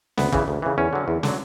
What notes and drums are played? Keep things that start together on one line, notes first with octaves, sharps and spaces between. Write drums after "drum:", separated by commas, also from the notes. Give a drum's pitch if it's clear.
D2 B3, drum: snare
C#3 E3, drum: kick
D2
C#3 E3
E2 C#4
D3 F#3
E2
D3 F#3, drum: snare